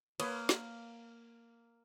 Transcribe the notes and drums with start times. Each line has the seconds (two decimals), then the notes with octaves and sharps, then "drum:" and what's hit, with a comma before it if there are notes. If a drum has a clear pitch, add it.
0.20 A#3 B4 C#5 D#6, drum: cymbal
0.49 drum: snare